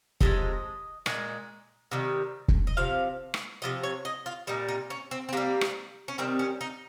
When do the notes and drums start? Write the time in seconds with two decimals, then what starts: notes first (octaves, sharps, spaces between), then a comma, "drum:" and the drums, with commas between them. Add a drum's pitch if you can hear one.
0.21 C3 F3 G#3 D#5, drum: kick
1.06 A#2 G#3, drum: rim click
1.91 C3 D#3 G3
2.48 drum: kick
2.67 D#5
2.77 C3 F3 F5
3.34 drum: rim click
3.62 C3 F3 D#5
3.83 C#5
4.05 D#5
4.26 F4
4.47 A#2 G3 D#4
4.68 D#4
4.90 C#4
5.11 C4
5.29 C4
5.33 C3 G3 A#3
5.61 drum: rim click
6.08 C#4
6.18 C3 D#3 G3 C4
6.39 C#4
6.61 D#4